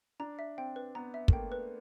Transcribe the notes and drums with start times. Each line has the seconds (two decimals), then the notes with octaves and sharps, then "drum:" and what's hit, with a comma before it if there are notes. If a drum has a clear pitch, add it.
0.20 D4 A#5
0.39 E5
0.58 C4 G5
0.76 B4
0.95 B3 A#5
1.14 E5
1.28 A3, drum: kick
1.33 A#3 G5
1.52 B4